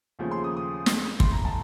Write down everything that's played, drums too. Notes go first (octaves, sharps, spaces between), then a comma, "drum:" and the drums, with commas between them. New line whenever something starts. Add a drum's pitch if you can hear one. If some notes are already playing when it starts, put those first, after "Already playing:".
D#2 C#3 F3 A3
C6
D#6
D#6
drum: snare
A2 A3 C6, drum: kick
A#5
A5